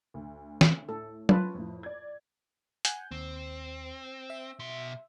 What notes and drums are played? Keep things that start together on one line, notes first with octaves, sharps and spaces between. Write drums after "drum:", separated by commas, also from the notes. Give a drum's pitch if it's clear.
D2
drum: snare
A2 A4
C#4 F4 B4 A5, drum: tom
F2 A2
D5 G#6
F#5 G#5 G6, drum: hi-hat
D#2 C4
E5
B2 C6